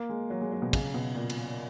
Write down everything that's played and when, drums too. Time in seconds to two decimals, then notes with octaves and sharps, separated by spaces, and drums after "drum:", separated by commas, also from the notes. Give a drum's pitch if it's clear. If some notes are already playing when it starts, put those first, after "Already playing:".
Already playing: A#3
0.09 G#3
0.30 F#3
0.41 G#3
0.52 F#3
0.62 B2
0.73 C#3, drum: kick, cymbal
0.94 B2
1.15 A#2
1.30 drum: cymbal